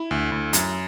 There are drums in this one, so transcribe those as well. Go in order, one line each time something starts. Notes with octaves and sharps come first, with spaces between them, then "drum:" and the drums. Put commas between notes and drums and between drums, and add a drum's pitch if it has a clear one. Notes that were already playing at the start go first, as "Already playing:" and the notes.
Already playing: E4
D2
D2
F#2, drum: hi-hat